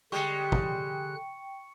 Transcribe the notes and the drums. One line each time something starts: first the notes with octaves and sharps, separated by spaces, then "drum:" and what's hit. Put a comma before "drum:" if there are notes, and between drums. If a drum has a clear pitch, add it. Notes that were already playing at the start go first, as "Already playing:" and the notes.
D3 G3 G#3 G5 C#6 F#6 C#7
drum: kick